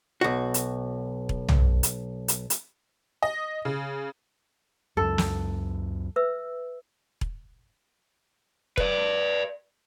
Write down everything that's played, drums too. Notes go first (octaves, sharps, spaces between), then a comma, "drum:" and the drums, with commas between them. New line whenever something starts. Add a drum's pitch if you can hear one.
B1 F#4
drum: hi-hat
drum: kick E1
drum: tom B1
drum: hi-hat
drum: hi-hat
drum: hi-hat
D#5
C#3
C#2 F#2 A4
drum: snare
B4 E5 E6
drum: kick E1
B4 D5, drum: kick E1